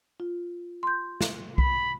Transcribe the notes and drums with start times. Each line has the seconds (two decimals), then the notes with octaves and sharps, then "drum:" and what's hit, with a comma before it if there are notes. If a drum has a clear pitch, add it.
0.20 F4
0.83 C6 G6
1.21 drum: snare
1.58 B5, drum: kick C2